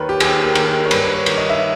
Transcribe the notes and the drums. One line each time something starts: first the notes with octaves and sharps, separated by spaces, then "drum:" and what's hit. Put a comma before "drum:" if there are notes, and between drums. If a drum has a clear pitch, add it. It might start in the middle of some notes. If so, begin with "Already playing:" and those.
Already playing: D#2 D#3 B4 C#5
G4
D#2 G#4, drum: cymbal
A#4
D#3, drum: cymbal
A#4
C#5
G2 B4, drum: cymbal
B4
C#5
D#3, drum: cymbal
D#5
E5